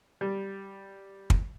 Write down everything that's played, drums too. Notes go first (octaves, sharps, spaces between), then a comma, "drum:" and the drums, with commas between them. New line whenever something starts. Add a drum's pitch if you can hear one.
G3
drum: kick